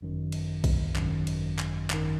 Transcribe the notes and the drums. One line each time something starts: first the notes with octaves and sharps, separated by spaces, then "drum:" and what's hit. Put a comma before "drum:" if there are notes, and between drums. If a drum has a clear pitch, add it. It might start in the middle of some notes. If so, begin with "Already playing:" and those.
G#1 F#2 D#3
drum: cymbal
drum: kick B1, cymbal
G#1 F#2 D#3, drum: clap
drum: cymbal
drum: clap
G#1 F#2 D#3, drum: clap